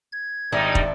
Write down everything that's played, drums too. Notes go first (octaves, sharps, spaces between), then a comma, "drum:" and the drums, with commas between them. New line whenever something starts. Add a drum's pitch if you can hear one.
G#6
G#1 G3 D4 D#4 D5 E5
drum: kick